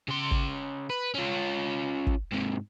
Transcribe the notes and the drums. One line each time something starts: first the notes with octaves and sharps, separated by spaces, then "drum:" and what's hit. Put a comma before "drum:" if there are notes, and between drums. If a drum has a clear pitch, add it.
C#3 C6
drum: kick
B4
C#4 F4
drum: kick
G#2 C3